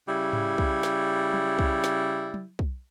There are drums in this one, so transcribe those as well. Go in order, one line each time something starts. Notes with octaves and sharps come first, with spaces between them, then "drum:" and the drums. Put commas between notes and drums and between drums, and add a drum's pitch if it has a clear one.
C#3 G3 E4
drum: tom G#2
drum: kick
drum: snare
drum: tom F#3
drum: kick
drum: snare
drum: tom F#3
drum: kick